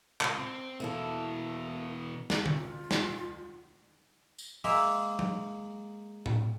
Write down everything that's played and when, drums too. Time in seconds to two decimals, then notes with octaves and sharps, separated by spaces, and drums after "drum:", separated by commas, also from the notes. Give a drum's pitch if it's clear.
0.21 C#2 F4, drum: clap
0.39 C4
0.80 B2 E3 A#3 E4 A4
2.30 drum: snare
2.46 drum: tom D3
2.58 F4
2.91 drum: snare
4.38 drum: tambourine
4.64 G#3 A#3 E5, drum: open hi-hat
5.19 drum: tom F#3
6.26 drum: tom A2